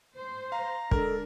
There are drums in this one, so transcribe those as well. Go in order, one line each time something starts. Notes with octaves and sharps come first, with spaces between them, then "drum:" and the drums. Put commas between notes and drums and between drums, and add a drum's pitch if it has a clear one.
C5
F5 A#5
D3 G#3 D4 A4 A#4, drum: kick